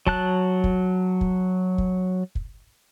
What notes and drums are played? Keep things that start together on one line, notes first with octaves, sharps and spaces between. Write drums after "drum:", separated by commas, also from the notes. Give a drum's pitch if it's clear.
F#3 A5 F#6, drum: kick
drum: kick
drum: kick
drum: kick
drum: kick